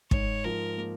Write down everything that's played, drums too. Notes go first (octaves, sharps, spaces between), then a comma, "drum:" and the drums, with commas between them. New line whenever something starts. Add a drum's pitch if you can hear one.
G#2 C#5, drum: kick
F3 A#4
A#3